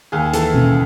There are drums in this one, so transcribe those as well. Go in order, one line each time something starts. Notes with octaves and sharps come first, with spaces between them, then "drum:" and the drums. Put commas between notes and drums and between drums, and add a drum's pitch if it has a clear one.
D#2 G#4
E3 A4, drum: hi-hat
C#3, drum: tom B2